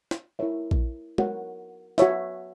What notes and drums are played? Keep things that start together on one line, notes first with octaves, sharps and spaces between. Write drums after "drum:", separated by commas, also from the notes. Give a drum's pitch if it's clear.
drum: snare
E4 A#4 C#5 E5
drum: kick A#1
F#4 A#4 C#5 F#5, drum: tom G#3
F#4 C#5 E5, drum: snare